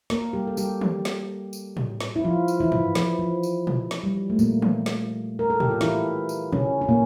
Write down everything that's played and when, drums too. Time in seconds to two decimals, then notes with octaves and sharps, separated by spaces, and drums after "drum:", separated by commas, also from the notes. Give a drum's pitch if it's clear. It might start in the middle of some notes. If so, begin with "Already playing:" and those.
0.10 A#3 A#4, drum: snare
0.33 G3 G4
0.47 A4
0.57 G3 G4, drum: tambourine
0.81 drum: tom D#3
1.05 drum: snare
1.53 drum: tambourine
1.77 drum: tom A2
2.00 drum: snare
2.16 E4
2.24 F3 F4
2.48 drum: tambourine
2.60 E3 E4
2.72 drum: tom G2
2.95 F3, drum: snare
3.19 F3
3.43 drum: tambourine
3.67 drum: tom A#2
3.91 drum: snare
4.03 G3
4.30 A3
4.39 A#2 A#3, drum: tambourine
4.62 drum: tom D#3
4.86 drum: snare
5.39 A#4
5.50 A4
5.60 G4, drum: tom A2
5.70 F4
5.81 E3 E4, drum: snare
6.29 drum: tambourine
6.53 C#3 C#4, drum: tom A#2
6.81 C#4
6.88 A#2 A#3